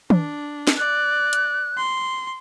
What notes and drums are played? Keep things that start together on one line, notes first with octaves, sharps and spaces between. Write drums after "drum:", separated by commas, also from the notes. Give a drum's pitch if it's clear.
D4, drum: tom
drum: snare
D5 F#6
drum: hi-hat
C6